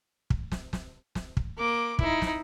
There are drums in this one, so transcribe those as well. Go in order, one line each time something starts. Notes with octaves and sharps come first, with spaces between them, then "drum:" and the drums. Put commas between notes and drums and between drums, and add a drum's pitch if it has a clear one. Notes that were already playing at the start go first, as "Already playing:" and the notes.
drum: kick
drum: snare
drum: snare
drum: snare
drum: kick
A#3 D6
D#4 E4, drum: kick
drum: snare